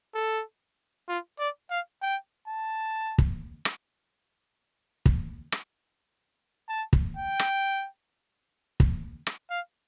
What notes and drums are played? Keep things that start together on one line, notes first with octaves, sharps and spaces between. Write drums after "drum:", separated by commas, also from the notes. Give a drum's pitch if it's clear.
A4
F4
D5
F5
G5
A5
drum: kick
drum: rim click
drum: kick
drum: rim click
A5
drum: kick
G5
drum: rim click
drum: kick
drum: rim click
F5